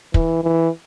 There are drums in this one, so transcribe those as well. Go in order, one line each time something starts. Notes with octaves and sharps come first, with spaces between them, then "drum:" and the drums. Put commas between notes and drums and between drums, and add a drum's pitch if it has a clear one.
E3, drum: kick
E3